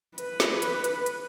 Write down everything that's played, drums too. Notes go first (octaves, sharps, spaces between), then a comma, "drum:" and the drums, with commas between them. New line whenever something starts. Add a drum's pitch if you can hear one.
B4, drum: hi-hat
drum: snare
drum: hi-hat
drum: hi-hat
drum: hi-hat